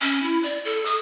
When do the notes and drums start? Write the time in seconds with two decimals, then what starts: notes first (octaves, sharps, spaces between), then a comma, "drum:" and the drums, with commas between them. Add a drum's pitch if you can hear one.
0.01 C#4, drum: hi-hat
0.22 E4
0.43 D5, drum: hi-hat
0.65 A4
0.85 D#6, drum: hi-hat